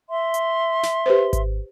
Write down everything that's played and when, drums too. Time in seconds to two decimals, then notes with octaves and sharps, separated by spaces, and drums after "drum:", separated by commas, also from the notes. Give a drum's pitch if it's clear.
0.09 E5 C6
0.34 drum: hi-hat
0.83 drum: snare
1.06 G4 B4 C5
1.33 drum: kick G#1, hi-hat